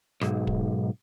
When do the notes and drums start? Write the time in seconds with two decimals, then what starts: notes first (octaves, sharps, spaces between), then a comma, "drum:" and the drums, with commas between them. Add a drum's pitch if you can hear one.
0.21 B1 G#2, drum: rim click
0.47 drum: kick